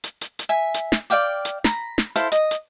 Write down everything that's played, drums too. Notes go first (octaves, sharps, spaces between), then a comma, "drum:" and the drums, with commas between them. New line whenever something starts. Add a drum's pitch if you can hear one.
drum: hi-hat
drum: hi-hat
drum: hi-hat
E5 G#5
drum: hi-hat
drum: snare
D5 F5 G5 D6
drum: hi-hat
A#5 B5, drum: snare
drum: snare
E4 A4 C5 F5, drum: hi-hat
D#5, drum: hi-hat
drum: hi-hat